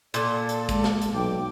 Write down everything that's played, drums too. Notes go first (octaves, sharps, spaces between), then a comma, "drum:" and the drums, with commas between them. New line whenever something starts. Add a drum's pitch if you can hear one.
A#2 A4 D5, drum: hi-hat
drum: hi-hat
G#3, drum: kick, hi-hat
drum: snare
drum: hi-hat
B1 G5 D6